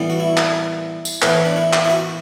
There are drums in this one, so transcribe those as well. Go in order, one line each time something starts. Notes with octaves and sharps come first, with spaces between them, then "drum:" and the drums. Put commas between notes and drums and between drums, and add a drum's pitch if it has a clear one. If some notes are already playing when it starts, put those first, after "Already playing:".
Already playing: A2 E3 G3 B3
F#4
E4
drum: clap
drum: tambourine
A2 E3 B3, drum: clap
D4
E4
drum: clap
E4
F#4